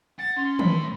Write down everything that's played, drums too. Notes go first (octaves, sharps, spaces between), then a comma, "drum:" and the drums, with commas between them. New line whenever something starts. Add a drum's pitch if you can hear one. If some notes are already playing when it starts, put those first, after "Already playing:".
F#5 A6
C#4 C6
A2 B5, drum: tom D#3